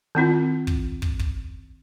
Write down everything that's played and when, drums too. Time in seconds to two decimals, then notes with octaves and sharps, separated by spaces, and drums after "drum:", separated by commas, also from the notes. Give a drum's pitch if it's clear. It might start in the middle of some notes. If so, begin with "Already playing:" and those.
0.15 D#3 C4 E4 F4
0.67 drum: kick
1.02 drum: kick
1.20 drum: kick